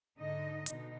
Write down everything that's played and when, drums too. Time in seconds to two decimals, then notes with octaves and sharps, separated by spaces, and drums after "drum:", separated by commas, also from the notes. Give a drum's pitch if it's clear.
0.17 G#2 D3 D#4 D#5
0.66 B2 D3 D#4, drum: hi-hat